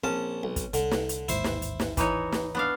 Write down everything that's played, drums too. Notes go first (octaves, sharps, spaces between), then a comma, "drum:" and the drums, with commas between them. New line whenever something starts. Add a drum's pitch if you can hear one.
A#1 C4 C#4 A5
B1
drum: kick, hi-hat
C2 D3, drum: hi-hat
drum: snare
drum: hi-hat
A1 D#2 G#2 E4 C5, drum: hi-hat
drum: snare
drum: hi-hat
drum: snare
E3 D#4 C#5, drum: kick, hi-hat
drum: snare
B3 D4 F5